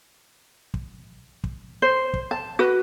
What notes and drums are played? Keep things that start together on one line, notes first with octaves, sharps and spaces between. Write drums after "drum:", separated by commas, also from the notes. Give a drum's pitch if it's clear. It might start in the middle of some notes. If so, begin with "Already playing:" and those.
drum: kick
drum: kick
C5
drum: kick
A5
F#4 B4